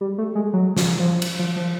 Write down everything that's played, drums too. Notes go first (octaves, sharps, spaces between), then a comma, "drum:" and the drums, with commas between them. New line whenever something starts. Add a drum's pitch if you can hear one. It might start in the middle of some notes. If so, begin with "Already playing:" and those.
G3
A3
G#3
F#3
F3, drum: snare
F3
drum: cymbal
F3
F3